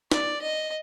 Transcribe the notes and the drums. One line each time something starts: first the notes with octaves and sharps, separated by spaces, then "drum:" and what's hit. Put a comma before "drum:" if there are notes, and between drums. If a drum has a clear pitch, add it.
D5, drum: snare
D#5